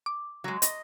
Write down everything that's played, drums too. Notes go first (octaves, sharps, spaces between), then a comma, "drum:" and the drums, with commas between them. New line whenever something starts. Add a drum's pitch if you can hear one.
D6
F#3 G#3
D#5, drum: hi-hat